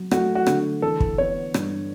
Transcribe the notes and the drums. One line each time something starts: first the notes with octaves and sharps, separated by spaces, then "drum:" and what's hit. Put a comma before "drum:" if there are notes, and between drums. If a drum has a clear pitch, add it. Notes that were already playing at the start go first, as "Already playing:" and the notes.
Already playing: F#3
A3 F#4, drum: rim click
F#4
D3, drum: rim click
E3 A4
drum: kick
B3 C#5
G2, drum: rim click